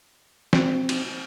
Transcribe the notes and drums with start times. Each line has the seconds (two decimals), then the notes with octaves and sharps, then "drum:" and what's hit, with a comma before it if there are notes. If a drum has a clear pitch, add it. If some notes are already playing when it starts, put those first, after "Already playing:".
0.53 C4, drum: snare
0.89 drum: cymbal